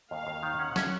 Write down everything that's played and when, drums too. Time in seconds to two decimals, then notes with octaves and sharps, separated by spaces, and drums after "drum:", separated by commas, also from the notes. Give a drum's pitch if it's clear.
0.11 D#2 F5
0.27 D#2
0.43 D#3
0.59 C#4 F#5
0.76 C#4, drum: snare